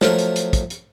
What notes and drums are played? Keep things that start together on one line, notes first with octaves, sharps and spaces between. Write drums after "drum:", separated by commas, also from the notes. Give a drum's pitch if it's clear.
F3 F#3 A3 A#4, drum: snare
drum: hi-hat
drum: hi-hat
drum: kick, hi-hat
drum: hi-hat